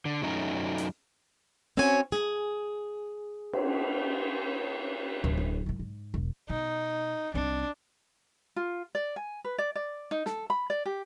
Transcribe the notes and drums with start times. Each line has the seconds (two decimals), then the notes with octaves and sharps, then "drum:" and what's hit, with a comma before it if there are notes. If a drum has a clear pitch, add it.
0.05 D3
0.22 F#2 F#3 A3 C#4 D#4
0.78 drum: hi-hat
1.77 C4 C#4 F#4 C#5 G#5
2.12 G#4, drum: snare
3.53 drum: cymbal
5.24 D1
5.37 drum: tom G2
5.66 F#2 A2
5.79 G#2
6.14 E1
6.50 B2 D#4
7.34 C2 C4 D4
8.56 F4
8.95 D5
9.16 G#5
9.44 B4
9.58 D5
9.75 D5
10.11 D#4
10.26 A4, drum: snare
10.50 B5
10.70 D5
10.86 G4